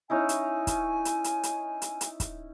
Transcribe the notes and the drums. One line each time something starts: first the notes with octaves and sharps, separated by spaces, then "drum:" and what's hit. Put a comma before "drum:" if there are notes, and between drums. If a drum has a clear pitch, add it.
C#4 D#4 E4 G#5
drum: hi-hat
drum: kick, hi-hat
drum: hi-hat
drum: hi-hat
drum: hi-hat
drum: hi-hat
drum: hi-hat
drum: kick, hi-hat